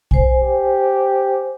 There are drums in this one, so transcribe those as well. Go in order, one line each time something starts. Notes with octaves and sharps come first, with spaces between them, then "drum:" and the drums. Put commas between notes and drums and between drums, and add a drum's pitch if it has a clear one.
C5 G#5, drum: kick
G4